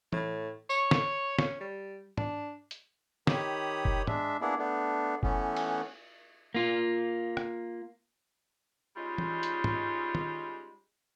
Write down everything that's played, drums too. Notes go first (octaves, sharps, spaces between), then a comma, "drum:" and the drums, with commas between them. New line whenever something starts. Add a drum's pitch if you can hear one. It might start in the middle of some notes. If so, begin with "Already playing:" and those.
A2, drum: tom E3
C#5, drum: tambourine
drum: snare
C#4, drum: snare
G3
D4, drum: tom
drum: hi-hat
D#3 G4 C#5 B5 D#6, drum: snare
drum: kick F1
G#3 D4 E5, drum: tom
A#3 B3 D4 E4 G#4
A3 B3 D4
E3 A3 B3 C#4, drum: kick F1
drum: cymbal
A#3 F4
drum: rim click
G3 G#3 C#4 D#4 F4
drum: tom E3
drum: hi-hat
drum: tom
drum: tom